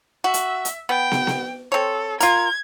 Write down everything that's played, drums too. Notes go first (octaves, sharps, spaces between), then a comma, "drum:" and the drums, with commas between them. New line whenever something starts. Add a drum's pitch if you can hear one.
F#4 E5
drum: hi-hat
drum: hi-hat
B3 G5
drum: snare
drum: snare
C4 A4 C#5
F4 A#4 G#6, drum: hi-hat